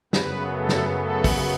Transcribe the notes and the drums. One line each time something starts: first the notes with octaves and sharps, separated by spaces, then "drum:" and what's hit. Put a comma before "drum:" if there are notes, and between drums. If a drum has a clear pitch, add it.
F#2 C#3 F#3 B3 B4, drum: snare
A3 A4
drum: snare
A3 A4
drum: kick, open hi-hat